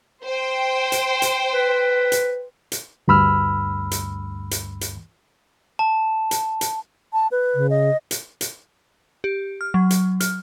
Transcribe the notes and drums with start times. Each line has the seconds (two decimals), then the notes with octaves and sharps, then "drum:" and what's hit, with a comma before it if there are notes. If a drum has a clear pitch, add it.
0.25 C5 G5
0.92 drum: hi-hat
1.22 drum: hi-hat
1.52 B4
2.12 drum: hi-hat
2.72 drum: hi-hat
3.08 D2 G2 B5 E6 F6
3.91 drum: hi-hat
4.51 drum: hi-hat
4.81 drum: hi-hat
5.79 A5
6.31 drum: hi-hat
6.61 drum: hi-hat
7.13 A5
7.31 B4
7.55 C#3
7.70 D#5
8.11 drum: hi-hat
8.41 drum: hi-hat
9.24 G4
9.61 F6
9.74 F#3
9.90 drum: hi-hat
10.20 F6, drum: hi-hat